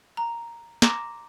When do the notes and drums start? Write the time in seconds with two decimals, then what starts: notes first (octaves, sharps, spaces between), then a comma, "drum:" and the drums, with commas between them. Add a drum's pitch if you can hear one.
0.17 A#5
0.82 A#5 C6 D6 A#6 E7, drum: snare